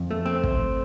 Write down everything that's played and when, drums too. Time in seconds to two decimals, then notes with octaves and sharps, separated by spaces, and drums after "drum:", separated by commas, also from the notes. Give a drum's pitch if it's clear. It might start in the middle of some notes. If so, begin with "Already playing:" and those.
Already playing: F2
0.11 A3
0.26 C4
0.44 drum: kick